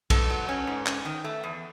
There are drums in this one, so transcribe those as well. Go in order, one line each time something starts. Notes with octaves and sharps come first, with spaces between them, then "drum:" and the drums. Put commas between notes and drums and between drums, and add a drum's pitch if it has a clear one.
G#2 A4, drum: kick, cymbal
F#3
C#4
G#2
C#4, drum: clap
D#3
A3
E2